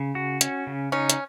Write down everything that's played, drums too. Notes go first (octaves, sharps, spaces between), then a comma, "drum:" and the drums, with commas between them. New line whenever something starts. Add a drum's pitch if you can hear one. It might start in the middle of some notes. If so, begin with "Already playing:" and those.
Already playing: C#3
F#4
C#4, drum: hi-hat
C#3
C#4 D#4
drum: hi-hat